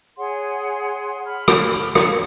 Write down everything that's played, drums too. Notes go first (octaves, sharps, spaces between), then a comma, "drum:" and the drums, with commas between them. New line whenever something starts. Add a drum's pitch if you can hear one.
G#4 C#5 F#5 C6
B5 F6
drum: rim click
drum: rim click